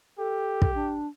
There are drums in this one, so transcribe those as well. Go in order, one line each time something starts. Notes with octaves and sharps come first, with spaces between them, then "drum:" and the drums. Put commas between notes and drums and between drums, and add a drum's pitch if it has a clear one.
G4 A4
drum: kick
D4